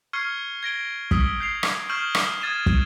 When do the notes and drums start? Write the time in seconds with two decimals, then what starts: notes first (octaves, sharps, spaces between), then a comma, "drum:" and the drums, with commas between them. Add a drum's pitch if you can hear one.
0.13 C#6 F6 G#6 C7 C#7 G7
0.63 G#6 A#6 D7 G7
1.11 D#6 E6 B6, drum: kick
1.40 G6 C7 F7
1.63 drum: rim click
1.89 C#6 F6 G6 C7 E7 F#7
2.15 drum: rim click
2.42 D#6 F6 G#6 A6 D#7 E7
2.66 drum: kick